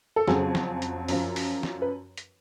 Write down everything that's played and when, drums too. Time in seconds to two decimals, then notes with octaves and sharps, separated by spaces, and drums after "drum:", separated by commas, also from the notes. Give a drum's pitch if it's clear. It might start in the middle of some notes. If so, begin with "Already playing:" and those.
0.16 A4
0.28 F2 C#3 F#3 G#4, drum: snare
0.55 drum: snare
0.82 drum: hi-hat
1.08 F#2 F3, drum: open hi-hat
1.36 drum: open hi-hat
1.63 drum: snare
1.82 B4
2.17 drum: hi-hat